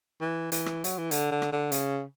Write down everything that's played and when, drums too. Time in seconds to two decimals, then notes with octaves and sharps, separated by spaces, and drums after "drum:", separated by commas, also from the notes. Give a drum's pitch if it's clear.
0.21 E3
0.52 E3, drum: hi-hat
0.66 drum: rim click
0.84 F#3, drum: hi-hat
0.98 E3
1.11 D3, drum: hi-hat
1.31 D3
1.42 drum: rim click
1.52 D3
1.72 C#3, drum: hi-hat